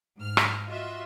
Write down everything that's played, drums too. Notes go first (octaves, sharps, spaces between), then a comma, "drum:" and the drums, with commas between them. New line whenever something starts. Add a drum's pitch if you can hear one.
G#2 F6
drum: rim click
F4 F#4 D#5 E5